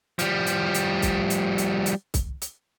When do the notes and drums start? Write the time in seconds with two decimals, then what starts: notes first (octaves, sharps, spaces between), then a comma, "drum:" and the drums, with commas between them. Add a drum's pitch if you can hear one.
0.19 F3 G3, drum: hi-hat
0.47 drum: hi-hat
0.75 drum: hi-hat
1.02 drum: kick C2, hi-hat
1.30 drum: hi-hat
1.58 drum: hi-hat
1.86 drum: hi-hat
2.14 drum: kick C2, hi-hat
2.42 drum: hi-hat